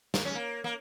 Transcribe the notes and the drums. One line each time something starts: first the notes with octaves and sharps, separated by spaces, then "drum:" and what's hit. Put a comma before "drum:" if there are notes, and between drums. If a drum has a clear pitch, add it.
A#3, drum: snare
C#4
A#3
A#3